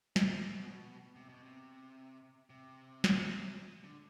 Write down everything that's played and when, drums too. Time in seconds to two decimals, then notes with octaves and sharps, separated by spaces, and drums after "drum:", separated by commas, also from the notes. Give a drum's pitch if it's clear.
0.16 G3, drum: snare
0.26 B2
0.37 G2
0.49 B2
1.16 C3
1.29 B2
1.43 C3
2.50 C3
3.04 drum: snare
3.84 D3